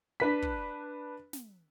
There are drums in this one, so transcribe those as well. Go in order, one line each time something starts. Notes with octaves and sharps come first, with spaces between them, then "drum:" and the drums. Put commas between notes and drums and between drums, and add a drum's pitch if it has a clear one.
D4 B4 B6
drum: kick
drum: snare